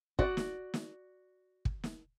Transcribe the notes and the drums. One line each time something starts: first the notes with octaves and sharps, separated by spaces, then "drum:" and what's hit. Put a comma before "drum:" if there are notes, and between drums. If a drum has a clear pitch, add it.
F#4 D5, drum: kick
drum: snare
drum: snare
drum: kick
drum: snare